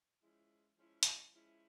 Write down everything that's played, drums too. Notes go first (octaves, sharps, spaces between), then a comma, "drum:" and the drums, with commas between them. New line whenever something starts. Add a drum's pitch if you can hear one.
F3 G#3 C#4 E4
F3 G#3 C#4 E4
drum: hi-hat
F3 G#3 C#4 E4